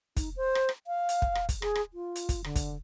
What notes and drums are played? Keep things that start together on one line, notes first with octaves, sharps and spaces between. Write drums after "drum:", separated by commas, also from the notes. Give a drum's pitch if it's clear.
D#4, drum: kick, hi-hat
C5
drum: rim click
drum: rim click
F5
drum: hi-hat
drum: kick
drum: rim click
drum: kick, hi-hat
G#4, drum: rim click
drum: rim click
F4
drum: hi-hat
drum: kick, hi-hat
D3, drum: rim click
drum: kick, hi-hat